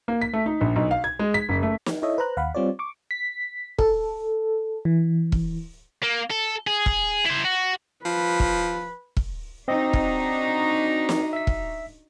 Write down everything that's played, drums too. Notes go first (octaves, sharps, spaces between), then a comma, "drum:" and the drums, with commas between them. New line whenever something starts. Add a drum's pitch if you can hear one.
A#3
B6
A3
D#4
A#1
B1
F5
G#6
G#3
B6
F#1
A3
drum: snare
E4 A4 C#5 D#5 E5
B4 C5 A#5 F#6
D#2 F5 F#5 B5
G3 C4 F4 C#5 D5
C#6 D6
B6
A4, drum: kick
E3
drum: kick
A#3
A4
G#4
drum: kick
E4 C5
F#4
F3 B4
drum: kick
drum: kick
C4 D4 D#4 F#4 D#5
drum: kick
drum: snare
E5 B6
drum: kick